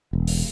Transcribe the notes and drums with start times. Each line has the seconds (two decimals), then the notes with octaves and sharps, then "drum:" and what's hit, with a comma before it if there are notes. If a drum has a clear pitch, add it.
0.13 E1
0.28 drum: open hi-hat